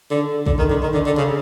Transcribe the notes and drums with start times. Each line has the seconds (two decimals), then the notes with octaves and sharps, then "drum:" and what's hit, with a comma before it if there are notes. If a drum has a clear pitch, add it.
0.11 D3
0.46 D3, drum: kick
0.59 D#3
0.70 D3
0.83 D#3
0.94 D3
1.06 D3
1.18 C#3